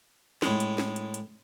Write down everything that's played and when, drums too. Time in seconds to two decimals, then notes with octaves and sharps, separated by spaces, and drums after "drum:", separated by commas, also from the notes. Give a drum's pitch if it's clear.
0.42 A2 G#3, drum: snare
0.60 drum: hi-hat
0.78 drum: snare
0.96 drum: hi-hat
1.14 drum: hi-hat